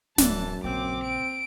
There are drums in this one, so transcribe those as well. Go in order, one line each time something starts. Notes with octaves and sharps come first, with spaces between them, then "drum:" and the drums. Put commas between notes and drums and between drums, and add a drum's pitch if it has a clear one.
D1 F#2 E3 D4 A5, drum: snare
A#1 C#3 C4 D6
D7